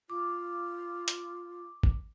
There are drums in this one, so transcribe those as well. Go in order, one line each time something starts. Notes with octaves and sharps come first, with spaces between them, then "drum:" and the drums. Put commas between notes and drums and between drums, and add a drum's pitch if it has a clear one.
F4 D6
drum: hi-hat
drum: kick G#1